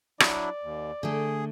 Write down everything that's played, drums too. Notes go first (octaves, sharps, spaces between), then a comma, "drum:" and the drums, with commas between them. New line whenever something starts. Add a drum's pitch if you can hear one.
F#3 D4 E4 D5, drum: rim click
D#2
D3 A3 G#4